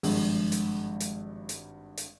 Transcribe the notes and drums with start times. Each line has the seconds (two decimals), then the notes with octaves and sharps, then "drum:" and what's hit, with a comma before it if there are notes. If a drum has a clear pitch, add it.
0.03 G#1 G2 F3 G#3, drum: open hi-hat
0.52 drum: hi-hat
1.00 drum: hi-hat
1.49 drum: hi-hat
1.97 drum: hi-hat